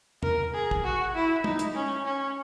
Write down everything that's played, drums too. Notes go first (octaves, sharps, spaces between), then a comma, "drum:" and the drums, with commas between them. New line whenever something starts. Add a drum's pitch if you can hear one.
A#4, drum: tom E2
G#4
drum: kick
F#4
E4
D#4, drum: tom
drum: hi-hat
C#4
C#4